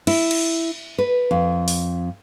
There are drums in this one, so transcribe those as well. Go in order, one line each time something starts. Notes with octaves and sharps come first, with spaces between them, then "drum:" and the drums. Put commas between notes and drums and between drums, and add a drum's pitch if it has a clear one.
E4, drum: cymbal
drum: cymbal
B4
F2
drum: open hi-hat